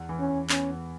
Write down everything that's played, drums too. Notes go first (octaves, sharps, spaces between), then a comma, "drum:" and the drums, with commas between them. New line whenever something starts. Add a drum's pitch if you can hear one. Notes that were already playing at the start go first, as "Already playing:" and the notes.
Already playing: E2
E3
C#4
E2
B3 C#4, drum: clap
E2